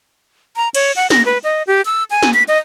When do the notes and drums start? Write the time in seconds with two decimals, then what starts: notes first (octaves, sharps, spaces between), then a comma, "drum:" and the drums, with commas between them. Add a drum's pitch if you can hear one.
0.56 A#5
0.74 C#5, drum: cymbal
0.96 F#5
1.10 A#6, drum: snare
1.26 B4
1.44 D#5
1.67 G4
1.86 E6
2.11 G#5
2.23 drum: snare
2.34 B6
2.48 D#5